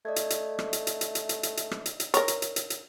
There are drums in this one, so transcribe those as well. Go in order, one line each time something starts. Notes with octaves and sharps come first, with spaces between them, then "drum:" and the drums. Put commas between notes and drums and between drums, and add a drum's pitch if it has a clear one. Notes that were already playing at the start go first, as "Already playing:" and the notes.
A3 D5 D#5 G#6
drum: hi-hat
drum: hi-hat
drum: rim click
drum: hi-hat
drum: hi-hat
drum: hi-hat
drum: hi-hat
drum: hi-hat
drum: hi-hat
drum: hi-hat
drum: rim click
drum: hi-hat
drum: hi-hat
A#4 C#5, drum: hi-hat
drum: hi-hat
drum: hi-hat
drum: hi-hat
drum: hi-hat